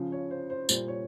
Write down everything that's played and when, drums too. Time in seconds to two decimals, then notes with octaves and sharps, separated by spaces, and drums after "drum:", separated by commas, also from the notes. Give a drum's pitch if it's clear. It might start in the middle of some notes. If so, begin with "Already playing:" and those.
Already playing: C#3 F3
0.12 C#5
0.31 C5
0.50 C5
0.69 A#2 G3 C5, drum: tambourine
0.88 C#5